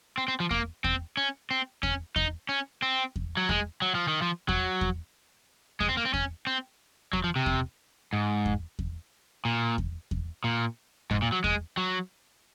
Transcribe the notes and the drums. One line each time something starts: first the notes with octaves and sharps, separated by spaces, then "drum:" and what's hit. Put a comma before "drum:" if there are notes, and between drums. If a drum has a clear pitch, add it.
C4
C4
F3
A#3, drum: kick E2
C4, drum: kick E2
C#4
C4
C#4, drum: kick E2
D#4, drum: kick E2
C#4
C4
drum: kick E2
F#3
G#3, drum: kick E2
F#3
F3
D#3
F3
F#3, drum: kick E2
drum: kick E2
G#3, drum: kick E2
C4
A#3
C4
C#4, drum: kick E2
C4
F#3, drum: kick E2
F3
C3
drum: kick E2
G#2
drum: kick E2
drum: kick E2
A#2
drum: kick E2
drum: kick E2
A#2
G#2, drum: kick E2
A#2
F#3
G#3, drum: kick E2
F#3